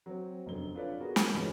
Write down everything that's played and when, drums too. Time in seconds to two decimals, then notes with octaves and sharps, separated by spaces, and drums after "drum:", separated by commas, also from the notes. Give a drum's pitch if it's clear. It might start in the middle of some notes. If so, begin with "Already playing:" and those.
0.06 F#3 C4
0.46 F1 F#2 D3 G7
0.75 D4 F4 A4 B4 C#5 D5
1.00 B3 F#4 G#4 A#4
1.16 drum: snare
1.34 G1 E2 G#3 C#4 F#4